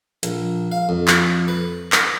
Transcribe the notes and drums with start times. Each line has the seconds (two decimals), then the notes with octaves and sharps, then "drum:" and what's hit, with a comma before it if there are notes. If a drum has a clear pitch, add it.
0.23 A#1, drum: hi-hat
0.72 F5
0.89 F2
1.08 drum: clap
1.48 B4
1.92 drum: clap